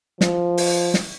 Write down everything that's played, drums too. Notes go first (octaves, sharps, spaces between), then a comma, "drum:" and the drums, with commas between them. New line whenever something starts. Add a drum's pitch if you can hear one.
F3, drum: snare
drum: open hi-hat
drum: snare